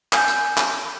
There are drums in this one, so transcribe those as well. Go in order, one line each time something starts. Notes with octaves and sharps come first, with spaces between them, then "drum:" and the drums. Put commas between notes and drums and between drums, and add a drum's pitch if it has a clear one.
G#5 G6, drum: clap
drum: hi-hat
drum: clap